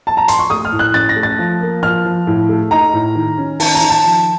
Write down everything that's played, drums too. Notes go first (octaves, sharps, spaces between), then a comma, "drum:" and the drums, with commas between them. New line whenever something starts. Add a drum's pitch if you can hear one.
A5
A#5
C6, drum: hi-hat
C#6
A3 D#6
F6
A2
F#6
C#4 A6
A#6
A3
A6
F3
A#3
F3 F6
F3
A2
A3
D#4 A#5
A2
D#3
C#4
D#3 A5, drum: open hi-hat
A#5
D#3
A5
F3